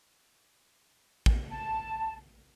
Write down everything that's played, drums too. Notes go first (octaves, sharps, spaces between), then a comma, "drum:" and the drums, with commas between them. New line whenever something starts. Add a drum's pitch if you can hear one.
drum: kick
A5